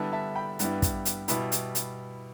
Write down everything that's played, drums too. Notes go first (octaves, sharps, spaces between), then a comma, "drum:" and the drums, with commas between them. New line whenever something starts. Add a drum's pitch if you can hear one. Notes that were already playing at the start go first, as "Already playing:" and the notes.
Already playing: D3 G3 B3 E4 E5 A5
E5 A5
G5 B5
G2 G3 B3 E4, drum: hi-hat
drum: kick, hi-hat
drum: hi-hat
B2 G3 E4 B5, drum: hi-hat
drum: hi-hat
drum: hi-hat